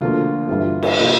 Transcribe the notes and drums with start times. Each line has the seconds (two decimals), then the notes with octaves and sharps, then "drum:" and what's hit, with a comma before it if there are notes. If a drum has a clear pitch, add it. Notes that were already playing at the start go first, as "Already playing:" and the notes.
0.01 D2 D3 F3 A#3 F4
0.49 G1 G2 E3 G3 F4
0.83 drum: cymbal
0.98 C3 F3 A#3